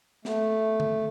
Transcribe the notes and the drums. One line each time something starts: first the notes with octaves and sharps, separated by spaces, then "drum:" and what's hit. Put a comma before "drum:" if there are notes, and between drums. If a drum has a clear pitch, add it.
A3, drum: snare
drum: tom D3